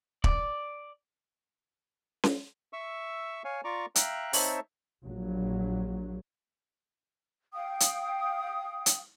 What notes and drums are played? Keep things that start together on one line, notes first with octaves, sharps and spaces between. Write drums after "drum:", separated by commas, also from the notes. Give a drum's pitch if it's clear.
D5, drum: kick
drum: snare C#4
E5 C#6 E6
C#5 F5 G#5
F4 D5 A#5 C#6 D6
E5 F5 G5 A#5 F#6, drum: hi-hat
C4 D#4 C5 C#5 E5 A5, drum: open hi-hat
A#1 F#3
F5 G5 D#6
drum: hi-hat
drum: hi-hat